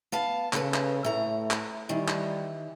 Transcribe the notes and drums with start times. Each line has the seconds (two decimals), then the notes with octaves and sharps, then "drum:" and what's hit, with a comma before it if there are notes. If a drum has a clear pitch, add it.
0.12 B3 F5 A5
0.53 C#3 A4 B4, drum: clap
0.74 drum: clap
1.05 A2 A3 A#5
1.51 drum: clap
1.89 D#3 E3 G3
2.08 drum: clap